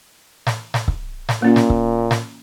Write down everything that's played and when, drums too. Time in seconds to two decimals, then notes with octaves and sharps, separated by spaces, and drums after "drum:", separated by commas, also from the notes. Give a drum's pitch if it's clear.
0.47 drum: snare
0.74 drum: snare
0.88 drum: kick C#1
1.29 drum: snare
1.42 A#2 A#3 C#4 F4
1.56 drum: snare
1.70 drum: kick C#1
2.11 drum: snare